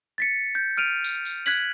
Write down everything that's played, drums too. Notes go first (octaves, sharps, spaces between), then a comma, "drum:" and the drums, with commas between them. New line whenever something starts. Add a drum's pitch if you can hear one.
A6 B6 C#7
G6
F6 D7 D#7 F7
drum: tambourine
drum: tambourine
F#6 G#6 B6 F#7, drum: tambourine